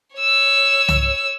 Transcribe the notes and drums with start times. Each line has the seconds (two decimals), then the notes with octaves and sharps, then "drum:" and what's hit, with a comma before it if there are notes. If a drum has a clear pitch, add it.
0.16 C#5 E6
0.88 drum: tom C2